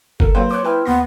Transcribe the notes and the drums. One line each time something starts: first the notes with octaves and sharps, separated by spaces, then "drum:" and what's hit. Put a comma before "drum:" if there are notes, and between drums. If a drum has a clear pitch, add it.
A4 A#4, drum: kick G1
F#3 A#3 C4 B4
C#5 D6 F#6
E4 B4 G5 F6
D#2 B3 C6 A#6